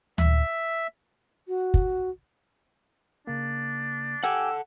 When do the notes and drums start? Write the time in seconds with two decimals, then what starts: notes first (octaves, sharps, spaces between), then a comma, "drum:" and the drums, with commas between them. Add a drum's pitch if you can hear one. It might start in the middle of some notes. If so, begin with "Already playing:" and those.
0.18 E5, drum: tom D2
1.48 F#4
1.74 drum: kick
3.27 C#3 A#3 D4
4.24 G4 A4 F#5 G#5 E6